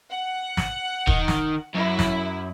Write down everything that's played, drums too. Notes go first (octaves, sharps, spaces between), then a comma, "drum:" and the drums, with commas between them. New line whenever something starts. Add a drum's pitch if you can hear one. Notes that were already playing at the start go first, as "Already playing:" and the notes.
F#5
drum: snare
D#3, drum: kick
drum: snare
F#2 E4
drum: snare